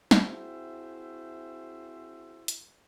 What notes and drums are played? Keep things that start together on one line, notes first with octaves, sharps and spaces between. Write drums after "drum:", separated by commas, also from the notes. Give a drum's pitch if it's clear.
C4 E4 F#4 G#4 C5 E5, drum: snare
drum: hi-hat